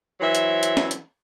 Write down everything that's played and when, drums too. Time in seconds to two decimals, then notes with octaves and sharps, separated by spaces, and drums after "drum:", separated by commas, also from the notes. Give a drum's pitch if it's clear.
0.21 E3 F#3 C5 E5
0.35 drum: hi-hat
0.63 drum: hi-hat
0.77 drum: snare
0.91 drum: hi-hat